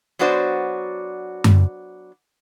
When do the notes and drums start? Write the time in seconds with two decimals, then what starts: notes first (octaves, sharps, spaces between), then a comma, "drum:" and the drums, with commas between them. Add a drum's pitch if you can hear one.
0.19 F#3 B3 D4 F#4 C5 D5
1.44 drum: tom F#2